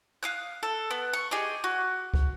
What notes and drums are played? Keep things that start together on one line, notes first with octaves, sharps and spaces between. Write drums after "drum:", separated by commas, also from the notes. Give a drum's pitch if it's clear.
F5 D#6 F#6
A4
B3
C#6
G4 G#4 D5 D#5
F#4
drum: kick C#2